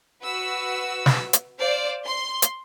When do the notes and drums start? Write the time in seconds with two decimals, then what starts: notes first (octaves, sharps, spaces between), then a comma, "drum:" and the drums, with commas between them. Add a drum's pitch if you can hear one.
0.22 F#4 B4 E6
1.06 drum: snare
1.33 drum: hi-hat
1.60 C5 D5 F5
2.06 C6
2.42 drum: hi-hat